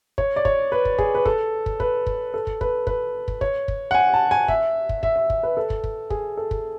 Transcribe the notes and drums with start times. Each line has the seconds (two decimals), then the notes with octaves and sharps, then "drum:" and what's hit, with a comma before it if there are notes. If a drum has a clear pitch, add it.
0.18 C#5, drum: kick
0.36 D5
0.45 C#5, drum: kick
0.72 B4
0.85 drum: kick
0.98 G#4, drum: kick
1.15 B4
1.25 A4, drum: kick
1.66 drum: kick
1.80 B4, drum: kick
2.06 drum: kick
2.34 A4
2.47 drum: kick
2.61 B4, drum: kick
2.87 B4, drum: kick
3.28 drum: kick
3.41 C#5, drum: kick
3.68 drum: kick
3.91 F#5
3.94 G#5
4.14 A5
4.31 G#5
4.48 E5, drum: kick
4.89 drum: kick
5.03 E5, drum: kick
5.16 E5
5.30 drum: kick
5.43 B4
5.57 A4
5.70 drum: kick
5.84 drum: kick
6.10 G#4, drum: kick
6.37 A4
6.51 drum: kick